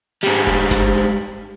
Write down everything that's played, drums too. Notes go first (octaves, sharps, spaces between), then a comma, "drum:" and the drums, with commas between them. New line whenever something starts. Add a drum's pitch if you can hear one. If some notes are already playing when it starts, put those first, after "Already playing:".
G#2 G3
drum: kick E1, hi-hat
drum: snare G1
drum: hi-hat